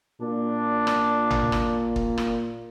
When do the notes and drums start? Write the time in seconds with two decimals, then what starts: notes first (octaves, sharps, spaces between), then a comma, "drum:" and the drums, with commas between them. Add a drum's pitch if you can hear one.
0.22 A#2 D4
0.87 drum: rim click
1.30 drum: tom G#1
1.52 drum: rim click
1.96 drum: kick
2.18 drum: rim click